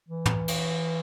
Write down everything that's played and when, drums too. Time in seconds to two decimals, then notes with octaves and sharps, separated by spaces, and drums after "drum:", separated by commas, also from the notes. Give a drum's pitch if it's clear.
0.08 E3
0.26 drum: tom
0.48 drum: cymbal